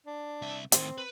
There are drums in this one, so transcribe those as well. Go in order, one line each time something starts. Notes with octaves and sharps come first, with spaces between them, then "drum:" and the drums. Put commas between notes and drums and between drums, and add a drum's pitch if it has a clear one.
D4
C2 E5
A2 D#3 C4, drum: hi-hat
B4